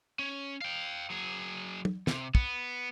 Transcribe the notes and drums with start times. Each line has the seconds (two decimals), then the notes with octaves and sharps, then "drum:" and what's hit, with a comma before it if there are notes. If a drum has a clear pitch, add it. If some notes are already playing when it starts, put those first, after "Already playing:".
0.19 C#4
0.62 F5 G5
1.10 F#3 G#4
1.85 drum: tom
2.07 C3, drum: snare
2.35 B3, drum: kick